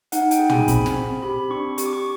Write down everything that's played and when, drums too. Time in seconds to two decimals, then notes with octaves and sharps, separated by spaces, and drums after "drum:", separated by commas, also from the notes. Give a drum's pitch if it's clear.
0.12 D#4 F#5, drum: hi-hat
0.31 G5, drum: hi-hat
0.39 G#4
0.50 G#5, drum: tom
0.68 C4 B5, drum: kick, hi-hat
0.86 drum: snare
0.96 C4
1.23 G4 B5
1.50 D4 C#6
1.78 G4 C#6, drum: hi-hat
1.86 D6
1.93 C#6